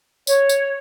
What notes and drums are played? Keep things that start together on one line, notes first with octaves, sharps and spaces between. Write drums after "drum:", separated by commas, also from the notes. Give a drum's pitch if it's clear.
C#5, drum: tambourine
drum: tambourine